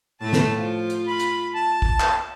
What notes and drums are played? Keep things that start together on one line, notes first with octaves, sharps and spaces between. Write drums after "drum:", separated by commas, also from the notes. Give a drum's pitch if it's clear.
A2 A3 A5
drum: snare
F3 F4
drum: hi-hat
B5
drum: hi-hat
A5
drum: kick
drum: clap